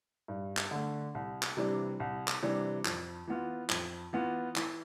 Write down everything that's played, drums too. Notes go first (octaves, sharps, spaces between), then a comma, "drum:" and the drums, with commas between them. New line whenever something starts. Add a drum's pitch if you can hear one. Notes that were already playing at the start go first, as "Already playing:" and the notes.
G2
drum: clap
D3 A3
C2
drum: clap
C3 E3 G3 D4
C2
drum: clap
C3 E3 G3 D4
F2, drum: clap
E3 B3 F4
F2, drum: clap
E3 B3 F4
E3, drum: clap